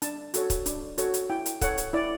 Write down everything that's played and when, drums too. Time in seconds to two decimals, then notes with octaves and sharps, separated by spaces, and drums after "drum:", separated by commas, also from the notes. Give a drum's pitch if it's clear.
0.02 D4 A5, drum: hi-hat
0.34 F#4 A4 C#5, drum: hi-hat
0.50 drum: kick, hi-hat
0.66 D4, drum: hi-hat
0.98 F#4 A4 C#5, drum: hi-hat
1.14 drum: hi-hat
1.30 E4 G5
1.46 drum: hi-hat
1.61 A4 C#5 F#5, drum: kick, hi-hat
1.78 drum: hi-hat
1.93 E4 D5